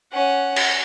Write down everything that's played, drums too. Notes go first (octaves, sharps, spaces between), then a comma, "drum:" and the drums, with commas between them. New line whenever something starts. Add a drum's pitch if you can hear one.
C#4 F#5
drum: cymbal